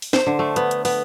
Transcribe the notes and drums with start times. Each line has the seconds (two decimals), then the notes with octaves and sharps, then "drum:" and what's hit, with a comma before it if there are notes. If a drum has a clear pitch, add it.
0.02 drum: open hi-hat
0.13 C5, drum: snare
0.27 D3
0.39 A3
0.56 B3, drum: hi-hat
0.71 drum: hi-hat
0.85 B3, drum: open hi-hat